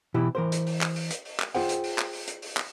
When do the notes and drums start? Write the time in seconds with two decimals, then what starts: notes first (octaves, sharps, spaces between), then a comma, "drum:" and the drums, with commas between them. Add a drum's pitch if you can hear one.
0.14 B2 E3 E4 G4
0.35 E3 A#4 C5
0.52 drum: hi-hat
0.67 drum: open hi-hat
0.81 drum: clap
0.96 drum: open hi-hat
1.11 drum: hi-hat
1.25 drum: open hi-hat
1.40 drum: clap
1.54 F4 G#4 C5 F#5 G5, drum: open hi-hat
1.69 drum: hi-hat
1.84 drum: open hi-hat
1.98 drum: clap
2.13 drum: open hi-hat
2.28 drum: hi-hat
2.42 drum: open hi-hat
2.57 drum: clap